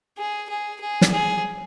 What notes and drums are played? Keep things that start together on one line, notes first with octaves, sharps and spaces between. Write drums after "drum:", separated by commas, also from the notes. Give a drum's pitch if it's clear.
G#4
G#4
G#4
drum: snare
G#4